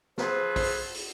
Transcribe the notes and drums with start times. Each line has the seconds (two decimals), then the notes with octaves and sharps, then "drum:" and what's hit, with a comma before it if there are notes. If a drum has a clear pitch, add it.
0.18 F3 G#4 A4 B4 C5, drum: snare
0.56 drum: kick, open hi-hat
0.94 drum: open hi-hat